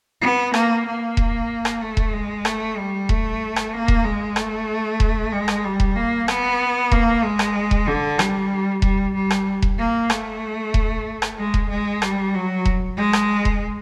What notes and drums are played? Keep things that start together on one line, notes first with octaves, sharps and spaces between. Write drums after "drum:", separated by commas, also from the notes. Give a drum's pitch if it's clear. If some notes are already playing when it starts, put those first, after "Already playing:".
B3
A#3, drum: rim click
A#3
drum: kick E1
drum: rim click
A3
drum: kick E1
G#3
A3, drum: rim click
G3
A3, drum: kick E1
drum: rim click
A#3
drum: kick E1
G#3
A3, drum: rim click
drum: kick E1
G#3
drum: rim click
G3
drum: kick E1
A#3
B3, drum: rim click
A#3, drum: kick E1
G#3
drum: rim click
drum: kick E1
D3
G3, drum: rim click
G3, drum: kick E1
G3
drum: rim click
drum: kick E1
A#3
A3, drum: rim click
drum: kick E1
drum: rim click
G#3
drum: kick E1
G#3
G3, drum: rim click
F#3
drum: kick E1
G#3
drum: rim click
drum: kick E1